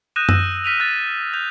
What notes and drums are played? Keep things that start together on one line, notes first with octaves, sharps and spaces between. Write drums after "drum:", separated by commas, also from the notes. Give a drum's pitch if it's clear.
D#6 F#6 G6 A#6 D#7 E7
E6 A#6, drum: tom F#2
F6 B6 D#7 F7
F#6 A6
G6 F7